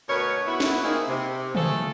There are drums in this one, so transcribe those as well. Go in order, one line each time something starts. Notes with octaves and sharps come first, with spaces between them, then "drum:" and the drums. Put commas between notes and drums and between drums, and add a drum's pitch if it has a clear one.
D2 B2 A#4 B4 C#5
B3 E4 F#4
drum: snare
A#3 C4 D#4 E4 G#4 A#4
C3
G#3 A3 F4 G#4 A4, drum: tom